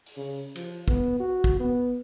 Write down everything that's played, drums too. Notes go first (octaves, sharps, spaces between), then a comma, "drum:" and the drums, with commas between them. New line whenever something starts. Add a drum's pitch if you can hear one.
drum: open hi-hat
C#3
F3, drum: cymbal
B3, drum: kick
F#4
drum: kick
B3